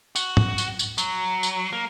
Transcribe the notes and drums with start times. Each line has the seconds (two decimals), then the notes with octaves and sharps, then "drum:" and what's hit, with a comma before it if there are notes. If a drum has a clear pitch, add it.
0.16 F#4, drum: tambourine
0.37 drum: tom
0.58 drum: tambourine
0.79 drum: tambourine
0.98 F#3, drum: tambourine
1.43 drum: tambourine
1.73 A#3